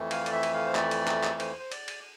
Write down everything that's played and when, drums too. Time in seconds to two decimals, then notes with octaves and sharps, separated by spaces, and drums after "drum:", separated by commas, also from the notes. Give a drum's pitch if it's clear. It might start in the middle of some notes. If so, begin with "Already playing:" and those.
Already playing: F2 E3 A3
0.11 F5, drum: cymbal
0.26 D5, drum: cymbal
0.33 E5
0.43 drum: cymbal
0.54 F5
0.66 C5
0.75 D5, drum: clap
0.91 drum: cymbal
1.07 drum: clap
1.24 drum: clap
1.40 C5, drum: cymbal
1.60 C5
1.72 D5, drum: cymbal
1.88 drum: cymbal